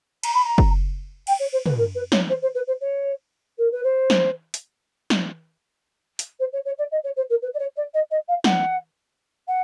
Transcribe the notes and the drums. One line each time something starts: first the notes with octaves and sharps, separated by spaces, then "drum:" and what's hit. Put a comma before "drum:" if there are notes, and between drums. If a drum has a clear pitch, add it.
A#5, drum: cymbal
B5
A#5
drum: kick
G5, drum: cymbal
C#5
C5
B4, drum: tom
A#4
B4
C#5, drum: snare
C5
C5
B4
C5
C#5
A#4
B4
C5
drum: snare
drum: hi-hat
drum: snare
drum: hi-hat
C5
C#5
C#5
D5
D#5
C#5
C5
A#4
B4
D5
C#5
D5
D#5
D#5
F5
F#5, drum: snare
F#5